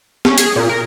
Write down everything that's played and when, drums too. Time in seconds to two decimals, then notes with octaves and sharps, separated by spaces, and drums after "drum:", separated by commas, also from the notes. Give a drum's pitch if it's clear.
0.25 C#4, drum: snare
0.38 G#4, drum: hi-hat
0.56 A#2
0.69 A#4